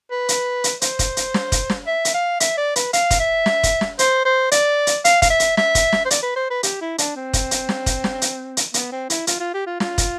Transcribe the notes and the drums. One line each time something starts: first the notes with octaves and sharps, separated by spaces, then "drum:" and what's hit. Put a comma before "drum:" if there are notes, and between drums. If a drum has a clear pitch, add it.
B4
drum: hi-hat
drum: hi-hat
C5, drum: hi-hat
drum: kick, hi-hat
drum: hi-hat
drum: snare
drum: kick, hi-hat
drum: snare
E5
drum: hi-hat
F5
E5, drum: hi-hat
D5
B4, drum: hi-hat
F5, drum: hi-hat
drum: kick, hi-hat
E5
drum: snare
drum: kick, hi-hat
drum: snare
C5, drum: hi-hat
C5
D5, drum: hi-hat
drum: hi-hat
F5, drum: hi-hat
F5, drum: kick, hi-hat
E5
drum: hi-hat
E5, drum: snare
drum: kick, hi-hat
drum: snare
C5
D5, drum: hi-hat
B4
C5
B4
G4, drum: hi-hat
E4
D4, drum: hi-hat
C4
drum: kick, hi-hat
drum: hi-hat
drum: snare
drum: kick, hi-hat
drum: snare
drum: hi-hat
drum: hi-hat
B3, drum: hi-hat
C4
E4, drum: hi-hat
F4, drum: hi-hat
F4
G4
F4
F4, drum: snare
drum: kick, hi-hat